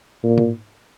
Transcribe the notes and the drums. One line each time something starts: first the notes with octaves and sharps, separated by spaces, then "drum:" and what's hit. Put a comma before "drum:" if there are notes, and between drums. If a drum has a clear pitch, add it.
A#2
drum: tom G#2